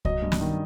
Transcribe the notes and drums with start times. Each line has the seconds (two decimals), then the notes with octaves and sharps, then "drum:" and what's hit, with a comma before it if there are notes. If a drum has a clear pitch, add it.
0.05 F#3 D#5, drum: kick C2
0.22 G2
0.32 drum: snare
0.41 D#3